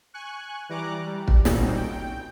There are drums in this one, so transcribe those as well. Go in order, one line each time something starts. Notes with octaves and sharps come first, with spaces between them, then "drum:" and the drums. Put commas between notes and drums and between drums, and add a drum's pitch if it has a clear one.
G#5 C#6 F#6
E3 G3 A#5 D6 F#6
G3
drum: kick
A#2 G3 C4 C#4 D#4 F#4, drum: snare
G5